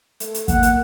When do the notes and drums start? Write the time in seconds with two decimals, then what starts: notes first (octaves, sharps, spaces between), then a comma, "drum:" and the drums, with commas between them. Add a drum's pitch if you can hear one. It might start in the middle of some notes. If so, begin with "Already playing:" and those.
0.20 A3, drum: hi-hat
0.34 drum: hi-hat
0.48 A#3 F#5, drum: kick, hi-hat
0.63 drum: hi-hat